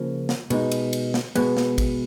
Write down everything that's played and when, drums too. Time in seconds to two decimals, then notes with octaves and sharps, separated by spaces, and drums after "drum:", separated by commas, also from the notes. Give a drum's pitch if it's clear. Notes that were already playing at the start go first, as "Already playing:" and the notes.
Already playing: C#3 F3 A#3
0.29 drum: snare
0.50 B2 G#3 D#4, drum: cymbal
0.72 drum: cymbal
0.93 drum: cymbal
1.14 drum: snare
1.36 B2 G#3 B3, drum: cymbal
1.57 drum: snare
1.78 drum: kick, cymbal